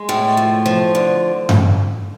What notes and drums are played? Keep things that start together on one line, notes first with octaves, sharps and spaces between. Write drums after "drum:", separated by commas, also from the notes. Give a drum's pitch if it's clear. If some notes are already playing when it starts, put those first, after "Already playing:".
Already playing: G#3
A2 A3
F3
F3
D3
drum: tom G2